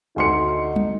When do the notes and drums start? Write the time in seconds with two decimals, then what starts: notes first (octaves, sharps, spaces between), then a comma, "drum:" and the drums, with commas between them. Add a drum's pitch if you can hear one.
0.16 D2 D#4 C6 C#7
0.76 drum: tom G3